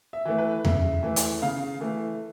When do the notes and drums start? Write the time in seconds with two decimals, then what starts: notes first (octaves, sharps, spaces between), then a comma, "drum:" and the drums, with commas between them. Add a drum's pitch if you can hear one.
0.13 E5
0.25 E3 A3
0.38 B4
0.65 C#3 E5, drum: tom E2
1.03 E3 A3
1.16 drum: hi-hat
1.42 C#3 F5
1.81 E3 A3